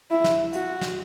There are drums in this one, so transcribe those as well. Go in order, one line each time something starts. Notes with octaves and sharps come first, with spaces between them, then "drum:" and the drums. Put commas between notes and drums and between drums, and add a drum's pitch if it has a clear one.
E4
drum: snare
F#4, drum: hi-hat
drum: snare